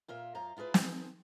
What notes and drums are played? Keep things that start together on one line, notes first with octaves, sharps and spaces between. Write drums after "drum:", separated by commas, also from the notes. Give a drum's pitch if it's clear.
A#2 F4 A#4 E5
F#2 F4 A#5
E4 F4 G#4 A#4 B4
D#3 C4 G#4, drum: snare